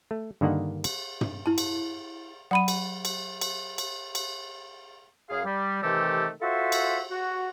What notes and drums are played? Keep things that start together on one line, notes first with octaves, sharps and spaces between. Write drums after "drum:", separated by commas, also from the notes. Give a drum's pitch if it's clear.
A3
G2 D3 D#3 A#3 D#5 F#5
drum: cymbal
drum: tom
E4 A5
drum: cymbal
F#3 F#5 B5 D#7
drum: cymbal
drum: cymbal
drum: cymbal
drum: cymbal
drum: cymbal
F#2 G#4 F5
G3
C3 D#3 E3 A3 G4 A4
F4 F#4 A4 C5 E5
drum: cymbal
F#4